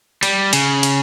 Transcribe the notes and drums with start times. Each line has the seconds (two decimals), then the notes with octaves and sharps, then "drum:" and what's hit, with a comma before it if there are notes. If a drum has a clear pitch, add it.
0.23 G3, drum: cymbal
0.53 C#3, drum: cymbal
0.83 drum: cymbal